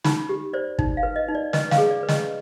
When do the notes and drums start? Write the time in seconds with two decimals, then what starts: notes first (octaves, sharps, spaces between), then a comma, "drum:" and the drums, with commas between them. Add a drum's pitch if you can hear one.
0.04 D#4 B5, drum: snare
0.29 G4
0.53 C5 D5
0.79 D#4, drum: kick
0.97 F5
1.03 B4
1.16 D#5
1.29 D#4
1.35 D5
1.53 B4 D#5, drum: snare
1.71 F5, drum: snare
1.78 G#4
1.90 D5
2.03 B4
2.08 D#5, drum: snare